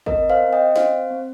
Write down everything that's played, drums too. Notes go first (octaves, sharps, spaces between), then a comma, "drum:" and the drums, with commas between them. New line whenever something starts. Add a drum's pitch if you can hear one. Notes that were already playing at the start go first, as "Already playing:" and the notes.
C4 A#4 D#5, drum: kick
C5 F5
C4
D#5 G5
C4 C5 F5, drum: snare
C4